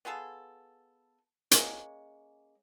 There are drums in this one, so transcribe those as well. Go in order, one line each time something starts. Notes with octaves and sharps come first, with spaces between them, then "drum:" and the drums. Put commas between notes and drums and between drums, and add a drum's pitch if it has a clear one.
B3 F4 G#4 A4
G#3 A#3 C#4, drum: hi-hat